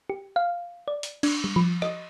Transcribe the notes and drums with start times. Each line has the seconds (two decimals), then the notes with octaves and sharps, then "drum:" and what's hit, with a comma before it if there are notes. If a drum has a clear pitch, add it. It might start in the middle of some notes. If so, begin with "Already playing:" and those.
0.10 G4
0.36 F5
0.88 D5
1.03 drum: hi-hat
1.23 D4, drum: cymbal
1.44 G3
1.56 F3
1.82 D#5, drum: rim click